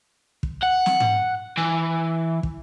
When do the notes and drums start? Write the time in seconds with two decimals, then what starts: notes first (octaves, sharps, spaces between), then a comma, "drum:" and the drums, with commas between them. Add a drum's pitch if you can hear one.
0.43 drum: kick
0.62 F#5
0.86 drum: snare
1.00 drum: tom G#2
1.57 E3
2.43 drum: kick